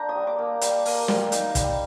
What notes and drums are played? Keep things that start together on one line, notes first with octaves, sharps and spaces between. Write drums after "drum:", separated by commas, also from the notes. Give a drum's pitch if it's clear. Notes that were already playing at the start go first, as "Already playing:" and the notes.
Already playing: A#3 D4 G5 A#5
D#6
G3
D6
A#3
G3, drum: hi-hat
A#3, drum: open hi-hat
G3, drum: snare
D#4, drum: hi-hat
G3, drum: kick, hi-hat